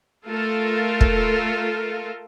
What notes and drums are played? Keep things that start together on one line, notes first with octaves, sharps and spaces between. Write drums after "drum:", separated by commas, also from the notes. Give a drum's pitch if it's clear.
A3 F4 A4 A#4
drum: kick